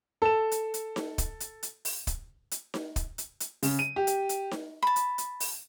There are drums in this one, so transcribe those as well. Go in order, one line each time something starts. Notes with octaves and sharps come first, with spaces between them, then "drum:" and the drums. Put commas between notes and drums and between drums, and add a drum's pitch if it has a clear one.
A4 E7
drum: hi-hat
drum: hi-hat
drum: snare D#4
drum: kick, hi-hat
drum: hi-hat
drum: hi-hat
drum: open hi-hat
drum: kick, hi-hat
drum: hi-hat
drum: snare D#4
drum: kick, hi-hat
drum: hi-hat
drum: hi-hat
C#3, drum: open hi-hat
D#7
G4
drum: hi-hat
drum: hi-hat
drum: snare D#4
A5 B5
drum: hi-hat
drum: hi-hat
drum: open hi-hat